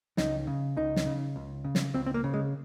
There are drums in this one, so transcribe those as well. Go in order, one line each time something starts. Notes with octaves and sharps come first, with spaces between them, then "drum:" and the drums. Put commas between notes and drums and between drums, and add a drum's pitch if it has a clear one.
C#2 D#4, drum: snare
C#3
C#2 D#4
drum: snare
C#3
C#2
C#3
drum: snare
C#2 C4
C4
A#3
C#3
G#3